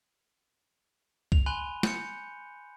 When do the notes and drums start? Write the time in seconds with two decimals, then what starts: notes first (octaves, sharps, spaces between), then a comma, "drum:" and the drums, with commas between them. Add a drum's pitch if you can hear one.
1.32 F7, drum: kick B1
1.46 G#5 B5 C6 F#6 D#7 G7
1.83 G6 C#7, drum: snare